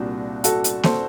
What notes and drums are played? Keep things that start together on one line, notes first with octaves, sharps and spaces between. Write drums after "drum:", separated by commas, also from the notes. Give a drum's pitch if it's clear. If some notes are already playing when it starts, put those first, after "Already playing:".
Already playing: C2 A#2 G3 D4 F#4
F#4 A4, drum: hi-hat
drum: hi-hat
A4 C5, drum: snare A#3